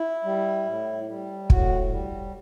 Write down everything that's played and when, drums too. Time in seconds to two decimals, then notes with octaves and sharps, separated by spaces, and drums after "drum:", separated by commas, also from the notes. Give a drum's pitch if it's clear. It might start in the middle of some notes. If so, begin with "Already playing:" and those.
Already playing: E4
0.25 G3
0.66 A2
1.08 G3
1.50 A2 F#4, drum: kick
1.91 G3